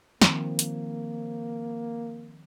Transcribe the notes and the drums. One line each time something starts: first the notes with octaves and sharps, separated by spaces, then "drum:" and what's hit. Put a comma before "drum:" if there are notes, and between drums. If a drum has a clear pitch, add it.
D#3 F3 A#3 C4, drum: snare
drum: hi-hat